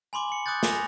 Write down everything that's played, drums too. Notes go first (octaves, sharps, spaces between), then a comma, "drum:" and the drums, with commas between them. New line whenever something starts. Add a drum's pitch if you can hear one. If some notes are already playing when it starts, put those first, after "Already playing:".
G#5 B5 C6 D6 F#7
C#7 F#7
D6 D#6 F#6 G6 A6
G#5 A#6 F7, drum: snare